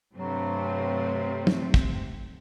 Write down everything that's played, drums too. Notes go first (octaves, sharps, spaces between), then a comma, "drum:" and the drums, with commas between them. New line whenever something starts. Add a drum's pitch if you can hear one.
G2 C3 F#3 A3 C4
drum: tom
drum: kick